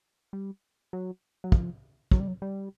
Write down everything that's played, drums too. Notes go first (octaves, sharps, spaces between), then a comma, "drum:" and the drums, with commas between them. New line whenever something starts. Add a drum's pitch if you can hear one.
G3
F#3
F#3
F3, drum: kick
F#3, drum: kick
G3
F#3
G3